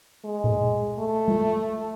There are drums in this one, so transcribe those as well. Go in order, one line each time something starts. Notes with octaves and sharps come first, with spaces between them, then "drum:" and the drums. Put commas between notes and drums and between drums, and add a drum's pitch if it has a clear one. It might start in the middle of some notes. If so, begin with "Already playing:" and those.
G#3
drum: tom A#2
A3
drum: tom G#3